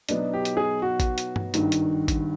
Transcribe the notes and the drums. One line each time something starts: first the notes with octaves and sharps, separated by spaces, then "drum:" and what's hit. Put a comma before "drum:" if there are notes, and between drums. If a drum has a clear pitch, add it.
B2 F#3 B3 D4 D#4, drum: hi-hat
G4
drum: hi-hat
G#4
F#4
drum: kick A1, hi-hat
drum: hi-hat
drum: tom G2
G#1 G2 D#3, drum: hi-hat
drum: hi-hat
drum: kick A1, hi-hat